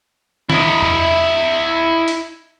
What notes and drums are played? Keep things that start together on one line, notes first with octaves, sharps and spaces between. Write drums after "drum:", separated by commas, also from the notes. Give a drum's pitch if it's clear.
E4 D#5, drum: snare
drum: tom
drum: hi-hat